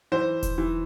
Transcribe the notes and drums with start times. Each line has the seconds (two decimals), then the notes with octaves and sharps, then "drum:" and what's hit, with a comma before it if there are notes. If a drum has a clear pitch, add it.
0.12 E3 C5
0.43 drum: kick E1, hi-hat
0.58 E3